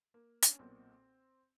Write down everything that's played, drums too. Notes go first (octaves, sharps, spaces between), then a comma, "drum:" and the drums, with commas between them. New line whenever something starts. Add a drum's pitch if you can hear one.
A#3
D4, drum: hi-hat
C#4
B1 A#2 C4